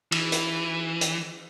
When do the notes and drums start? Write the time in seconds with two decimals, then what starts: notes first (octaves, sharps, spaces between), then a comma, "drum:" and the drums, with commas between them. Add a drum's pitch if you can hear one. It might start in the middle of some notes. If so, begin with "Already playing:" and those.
0.12 E3, drum: cymbal
0.32 drum: hi-hat
1.01 drum: hi-hat